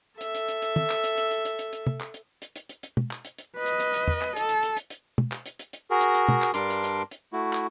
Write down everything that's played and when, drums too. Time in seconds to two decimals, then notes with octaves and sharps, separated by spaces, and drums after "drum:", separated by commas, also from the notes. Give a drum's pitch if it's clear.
0.21 A4 E5, drum: hi-hat
0.35 drum: hi-hat
0.48 drum: hi-hat
0.62 drum: hi-hat
0.76 drum: tom
0.90 drum: clap
1.04 drum: hi-hat
1.17 drum: hi-hat
1.31 drum: hi-hat
1.45 drum: hi-hat
1.59 drum: hi-hat
1.73 drum: hi-hat
1.87 drum: tom
2.00 drum: clap
2.14 drum: hi-hat
2.42 drum: hi-hat
2.56 drum: hi-hat
2.69 drum: hi-hat
2.83 drum: hi-hat
2.97 drum: tom
3.11 drum: clap
3.25 drum: hi-hat
3.38 drum: hi-hat
3.57 B4 D#5
3.66 drum: hi-hat
3.80 drum: hi-hat
3.94 drum: hi-hat
4.08 drum: tom
4.21 drum: clap
4.37 A4, drum: hi-hat
4.49 drum: hi-hat
4.63 drum: hi-hat
4.77 drum: hi-hat
4.90 drum: hi-hat
5.18 drum: tom
5.32 drum: clap
5.46 drum: hi-hat
5.59 drum: hi-hat
5.73 drum: hi-hat
5.91 F#4 G#4 A#4
6.01 drum: hi-hat
6.15 drum: hi-hat
6.29 drum: tom
6.42 drum: clap
6.54 G2 G3 D4 A#4 C6 D6, drum: hi-hat
6.70 drum: hi-hat
6.84 drum: hi-hat
7.11 drum: hi-hat
7.33 A3 E4 F#4
7.53 drum: clap